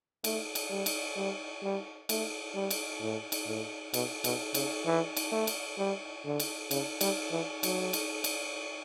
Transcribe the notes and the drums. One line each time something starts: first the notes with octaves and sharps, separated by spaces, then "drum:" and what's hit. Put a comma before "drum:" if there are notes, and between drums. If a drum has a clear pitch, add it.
A3, drum: cymbal
drum: cymbal
G3
drum: cymbal
G3
G3
A3, drum: cymbal
G3
drum: cymbal
A2
drum: cymbal
A2
B2, drum: cymbal
B2, drum: cymbal
C#3, drum: cymbal
E3
drum: cymbal
A3
drum: cymbal
G3
D3
drum: cymbal
C#3, drum: cymbal
G3, drum: cymbal
E3
F#3, drum: cymbal
drum: cymbal
drum: cymbal